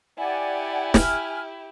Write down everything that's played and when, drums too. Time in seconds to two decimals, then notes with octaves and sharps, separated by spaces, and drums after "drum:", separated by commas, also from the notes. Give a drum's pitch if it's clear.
0.18 E4 G4 D5 F#5 G#5
0.94 G#5 F6, drum: snare